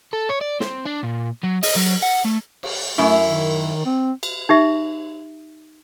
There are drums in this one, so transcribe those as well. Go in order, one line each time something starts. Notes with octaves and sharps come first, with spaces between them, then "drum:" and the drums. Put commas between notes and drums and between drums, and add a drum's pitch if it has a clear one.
A4
C#5
D5
C4, drum: snare
D4
A#2
F#3
D#5, drum: open hi-hat
F#3
F#5
A3
drum: cymbal
F#2 A3 E4
D#3
C4
drum: cymbal
D#4 G4 E5